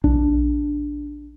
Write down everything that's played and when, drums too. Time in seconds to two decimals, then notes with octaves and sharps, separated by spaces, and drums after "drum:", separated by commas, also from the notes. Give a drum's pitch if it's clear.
0.04 D4, drum: kick A#1